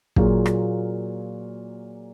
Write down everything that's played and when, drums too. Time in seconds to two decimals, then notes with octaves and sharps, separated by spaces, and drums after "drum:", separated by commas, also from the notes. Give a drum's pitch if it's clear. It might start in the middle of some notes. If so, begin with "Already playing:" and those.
0.16 A#2 F#3 A#3 F4 G#4, drum: kick
0.46 drum: rim click